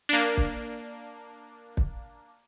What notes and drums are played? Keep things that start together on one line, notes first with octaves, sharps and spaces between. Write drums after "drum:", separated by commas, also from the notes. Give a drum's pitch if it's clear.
A#3 D4
drum: kick
drum: kick